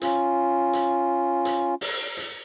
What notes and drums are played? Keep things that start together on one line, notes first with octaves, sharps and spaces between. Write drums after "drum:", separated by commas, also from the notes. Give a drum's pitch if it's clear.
C#4 F4, drum: hi-hat
drum: hi-hat
drum: hi-hat
drum: open hi-hat
drum: hi-hat